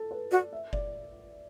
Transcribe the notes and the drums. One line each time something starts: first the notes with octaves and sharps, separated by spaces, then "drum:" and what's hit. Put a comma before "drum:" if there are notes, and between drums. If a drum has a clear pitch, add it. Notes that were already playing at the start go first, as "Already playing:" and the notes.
Already playing: A4
B4
F#4 D5
E5
D5, drum: kick F#1